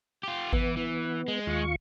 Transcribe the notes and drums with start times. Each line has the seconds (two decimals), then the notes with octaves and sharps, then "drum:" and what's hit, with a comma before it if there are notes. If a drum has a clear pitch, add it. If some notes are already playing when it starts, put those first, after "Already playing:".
0.23 F4 G4
0.53 E3 B3, drum: kick G#1
0.77 E3
1.28 G#3
1.47 D#2 F4 C#6